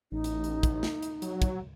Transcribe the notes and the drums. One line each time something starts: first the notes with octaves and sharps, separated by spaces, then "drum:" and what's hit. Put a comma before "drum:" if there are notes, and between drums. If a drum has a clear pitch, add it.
A1 D#4
drum: hi-hat
drum: hi-hat
drum: kick, hi-hat
drum: snare
drum: hi-hat
F#3, drum: hi-hat
drum: kick, hi-hat